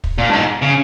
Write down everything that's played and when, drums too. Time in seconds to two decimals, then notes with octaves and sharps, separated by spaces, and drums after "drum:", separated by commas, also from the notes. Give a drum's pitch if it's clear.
0.04 drum: kick
0.18 A#2
0.29 G2
0.33 G#2
0.62 C#3